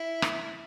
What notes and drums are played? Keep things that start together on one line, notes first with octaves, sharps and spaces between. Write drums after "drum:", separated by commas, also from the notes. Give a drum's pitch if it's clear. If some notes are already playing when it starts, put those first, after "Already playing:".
Already playing: E4
drum: rim click